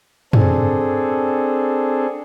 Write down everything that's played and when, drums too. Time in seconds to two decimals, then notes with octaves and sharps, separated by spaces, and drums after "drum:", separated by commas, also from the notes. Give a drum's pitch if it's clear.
0.33 C4 D4 G#4 A4, drum: tom